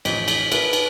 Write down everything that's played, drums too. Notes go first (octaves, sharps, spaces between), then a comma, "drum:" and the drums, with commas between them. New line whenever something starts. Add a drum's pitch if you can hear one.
A1 F2 D#5 B6, drum: cymbal
drum: cymbal
F#4 A#4 B4 E5, drum: cymbal
drum: cymbal